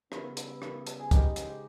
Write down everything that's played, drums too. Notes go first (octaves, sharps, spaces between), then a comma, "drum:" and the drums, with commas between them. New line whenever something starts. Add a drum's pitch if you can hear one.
C#3 G3 B3 E4, drum: rim click
drum: hi-hat
drum: rim click
drum: hi-hat
G#4
C#3 G#3 C#4 D#4 G4, drum: kick, hi-hat
drum: hi-hat